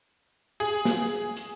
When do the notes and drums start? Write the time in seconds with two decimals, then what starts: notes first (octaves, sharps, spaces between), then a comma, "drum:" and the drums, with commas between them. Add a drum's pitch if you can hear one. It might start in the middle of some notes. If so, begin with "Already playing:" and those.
0.60 G#4
0.85 drum: snare
1.37 drum: hi-hat